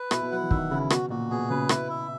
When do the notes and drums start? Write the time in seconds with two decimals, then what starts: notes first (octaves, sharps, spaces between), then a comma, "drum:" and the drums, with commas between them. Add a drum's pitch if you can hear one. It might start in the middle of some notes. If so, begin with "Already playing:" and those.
Already playing: B4
0.11 B2 E4, drum: rim click
0.22 B2
0.32 F#3 F#5
0.42 E3
0.51 D#3 E5, drum: kick
0.71 C#3 E4
0.90 B2 F#4, drum: rim click
1.10 A#2 F#4
1.30 B2 G#4
1.50 C#3 B4
1.69 B2 E4, drum: rim click
1.90 E5